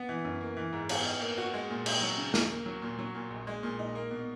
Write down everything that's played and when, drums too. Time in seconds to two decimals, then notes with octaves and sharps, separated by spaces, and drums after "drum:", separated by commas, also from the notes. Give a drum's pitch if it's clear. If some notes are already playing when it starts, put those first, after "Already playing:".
Already playing: B3
0.09 E3
0.24 F#2
0.41 A#3
0.57 E3
0.73 G#2
0.89 B3, drum: cymbal
1.05 D#4
1.21 A#3
1.38 F#4
1.54 G#3
1.70 A#2
1.86 D#4, drum: cymbal
2.01 F#3
2.17 C#3
2.34 D#2, drum: snare
2.50 A#3
2.66 F#3
2.82 A#2
2.99 F#3
3.14 A#2
3.31 A#1
3.47 G#3
3.63 A#2
3.79 D#4
3.95 A#3
4.11 B2